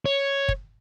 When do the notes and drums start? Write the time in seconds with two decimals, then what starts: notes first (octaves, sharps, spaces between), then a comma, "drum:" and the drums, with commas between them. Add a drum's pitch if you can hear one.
0.06 C#5
0.48 drum: kick